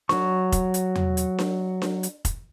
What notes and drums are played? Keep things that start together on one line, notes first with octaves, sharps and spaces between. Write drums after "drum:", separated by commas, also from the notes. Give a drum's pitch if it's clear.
F#3 C#6, drum: snare D4
drum: kick F1, hi-hat
drum: hi-hat
drum: tom E2
drum: hi-hat
drum: snare D4
drum: snare D4
drum: hi-hat
drum: kick F1, hi-hat